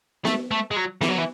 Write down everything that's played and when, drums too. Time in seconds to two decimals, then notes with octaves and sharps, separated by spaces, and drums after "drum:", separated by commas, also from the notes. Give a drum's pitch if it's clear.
0.25 A3, drum: snare B3
0.51 A3
0.71 G#3
0.76 F#3
1.01 E3, drum: snare B3
1.09 F#3
1.18 E3